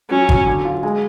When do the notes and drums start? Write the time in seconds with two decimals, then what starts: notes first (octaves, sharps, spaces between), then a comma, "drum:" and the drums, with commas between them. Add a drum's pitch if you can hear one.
0.10 F#3 C#4
0.29 F#3, drum: kick G1
0.47 D3
0.65 F4
0.83 G#3